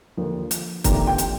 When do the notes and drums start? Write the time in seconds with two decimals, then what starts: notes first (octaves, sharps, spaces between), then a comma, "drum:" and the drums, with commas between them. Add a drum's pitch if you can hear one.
0.17 D#2 D3 F3
0.51 drum: hi-hat
0.84 F2 C3 D#3 A#3 D4 A#5, drum: kick, hi-hat
1.07 G5
1.18 drum: hi-hat